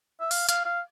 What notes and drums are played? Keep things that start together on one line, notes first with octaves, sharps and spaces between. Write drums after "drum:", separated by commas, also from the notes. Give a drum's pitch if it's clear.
E5
F5, drum: open hi-hat
F5, drum: hi-hat
F5